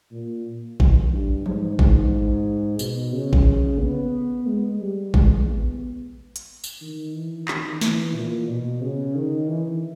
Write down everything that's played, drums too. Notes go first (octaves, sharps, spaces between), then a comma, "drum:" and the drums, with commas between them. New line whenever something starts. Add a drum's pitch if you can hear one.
A#2
drum: kick A1
G2
G#2, drum: tom E3
G#2, drum: kick A1
B2, drum: tambourine
C#3
drum: kick A1
B3
G#3
G3
G#3, drum: kick A1
B3
drum: hi-hat
drum: tambourine
D#3
E3
D#3, drum: clap
E3, drum: snare
A#2
B2
C#3
D#3
E3